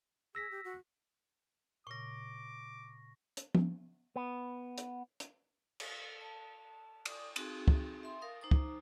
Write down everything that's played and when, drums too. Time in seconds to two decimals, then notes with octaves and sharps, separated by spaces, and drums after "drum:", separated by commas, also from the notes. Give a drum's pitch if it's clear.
0.35 G#4 E6 A#6 B6
0.51 G4
0.64 F#4
1.87 A#2 C#3 C#6 D6 A#6
3.37 drum: hi-hat
3.55 drum: tom F3
4.16 B3
4.78 drum: hi-hat
5.20 drum: hi-hat
5.80 drum: cymbal
6.21 A5
7.05 D5 D6 D#6, drum: cymbal
7.36 C4 D#4 F#4 G#4, drum: cymbal
7.68 drum: kick
8.03 E5 C6
8.22 A#4 F5 D#6
8.41 D#4 C5 A#5 D6 D#6
8.51 drum: kick